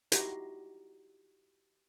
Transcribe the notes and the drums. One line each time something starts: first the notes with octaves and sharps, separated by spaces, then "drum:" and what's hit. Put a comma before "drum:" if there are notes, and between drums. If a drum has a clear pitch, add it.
D#4 E4 F#4 G4 A#5 C6, drum: hi-hat